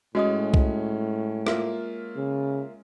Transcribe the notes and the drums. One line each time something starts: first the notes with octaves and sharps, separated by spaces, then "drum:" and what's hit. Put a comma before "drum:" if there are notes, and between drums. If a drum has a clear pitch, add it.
A2 G#3 C#4 F#4 D#5 D#6
drum: kick
A#3 F4 E5, drum: rim click
C#3